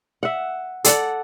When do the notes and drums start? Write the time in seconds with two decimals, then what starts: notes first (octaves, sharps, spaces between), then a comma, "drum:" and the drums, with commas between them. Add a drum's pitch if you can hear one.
0.23 E5 F#5
0.84 A4 D5 F#5, drum: hi-hat